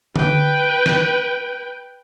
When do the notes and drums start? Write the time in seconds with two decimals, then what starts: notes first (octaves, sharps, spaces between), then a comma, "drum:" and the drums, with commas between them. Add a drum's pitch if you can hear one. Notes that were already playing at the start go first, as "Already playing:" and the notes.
0.16 B4 G5, drum: tom D3
0.86 drum: snare